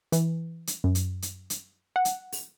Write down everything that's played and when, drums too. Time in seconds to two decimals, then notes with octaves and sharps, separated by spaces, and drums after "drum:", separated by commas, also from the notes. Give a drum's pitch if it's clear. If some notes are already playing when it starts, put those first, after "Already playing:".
0.12 E3, drum: hi-hat
0.67 drum: hi-hat
0.84 F#2
0.95 drum: hi-hat
1.22 drum: hi-hat
1.50 drum: hi-hat
1.96 F#5
2.05 drum: hi-hat
2.32 drum: open hi-hat